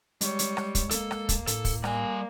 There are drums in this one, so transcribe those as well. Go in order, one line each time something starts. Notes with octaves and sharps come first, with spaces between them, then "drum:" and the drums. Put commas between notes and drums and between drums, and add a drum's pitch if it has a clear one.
G3 G#3 C#5, drum: hi-hat
drum: hi-hat
drum: rim click
drum: kick, hi-hat
A#3 A4, drum: hi-hat
drum: rim click
drum: kick, hi-hat
A2 A4, drum: hi-hat
drum: kick, open hi-hat
G3 A#3 F#5 G#5, drum: rim click